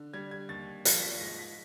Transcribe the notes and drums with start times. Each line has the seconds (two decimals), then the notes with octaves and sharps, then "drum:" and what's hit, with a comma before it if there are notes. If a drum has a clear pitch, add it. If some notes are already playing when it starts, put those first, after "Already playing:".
Already playing: D3
0.13 G3 G#6
0.31 G#6
0.49 D#2 A6
0.85 F3 A#6, drum: hi-hat
1.03 B6
1.20 G#2 A#6
1.38 B6